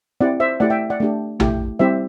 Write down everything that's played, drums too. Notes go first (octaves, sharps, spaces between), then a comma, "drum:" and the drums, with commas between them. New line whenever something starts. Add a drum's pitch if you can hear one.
C4 E4 G4 D5 F#5
C5 E5
A3 E4 G4 D5 F#5
E5 G5
D5 F#5
A3 D4 G4
A3 E4 G4, drum: tom
G3 C4 E4 G4 C5 E5